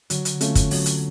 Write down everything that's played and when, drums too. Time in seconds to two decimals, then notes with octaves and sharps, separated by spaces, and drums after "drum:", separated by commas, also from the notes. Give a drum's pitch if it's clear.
0.10 D3 F#3, drum: hi-hat
0.25 drum: hi-hat
0.41 A3 C#4 F4, drum: hi-hat
0.55 drum: kick, hi-hat
0.71 F#3, drum: open hi-hat
0.86 drum: hi-hat